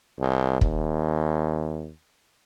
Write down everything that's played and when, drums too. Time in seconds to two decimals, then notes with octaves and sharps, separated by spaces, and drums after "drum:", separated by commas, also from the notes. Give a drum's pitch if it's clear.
0.20 C2
0.61 D#2, drum: kick